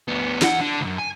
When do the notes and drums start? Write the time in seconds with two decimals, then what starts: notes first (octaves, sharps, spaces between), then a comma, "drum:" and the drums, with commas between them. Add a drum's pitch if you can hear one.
0.08 D2 B3
0.42 E2 F#5, drum: snare
0.61 D3
0.81 C#2 F#2
0.98 G#5